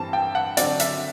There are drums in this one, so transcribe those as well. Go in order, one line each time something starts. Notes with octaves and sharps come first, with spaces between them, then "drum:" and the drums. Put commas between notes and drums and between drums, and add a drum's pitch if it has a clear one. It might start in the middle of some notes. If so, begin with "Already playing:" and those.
Already playing: G2 E3 G3 C4 A5
G5
F#5
D3 F#3 C4 D5, drum: hi-hat
E5, drum: hi-hat